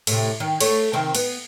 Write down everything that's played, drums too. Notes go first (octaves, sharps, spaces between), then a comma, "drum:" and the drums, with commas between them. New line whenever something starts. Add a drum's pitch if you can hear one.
A2 C3, drum: cymbal
D#3
A3 C#5, drum: cymbal
C3 D#3 C4
B3, drum: cymbal